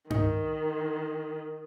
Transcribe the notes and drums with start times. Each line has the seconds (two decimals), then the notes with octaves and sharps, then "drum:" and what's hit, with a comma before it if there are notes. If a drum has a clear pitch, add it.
0.10 D#3 D#4, drum: tom G2